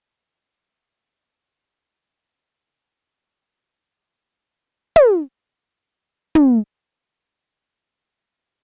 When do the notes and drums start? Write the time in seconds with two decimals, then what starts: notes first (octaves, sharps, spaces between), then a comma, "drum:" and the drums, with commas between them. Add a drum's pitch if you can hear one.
0.08 G4
0.44 F#4
0.78 F4
2.17 D#4
2.52 C#4
2.87 C#4
3.57 D4
3.92 F4
4.26 E4
4.96 drum: tom
5.31 D#4
6.35 drum: tom
6.70 G#4
7.04 A4
7.40 A4
7.75 A#4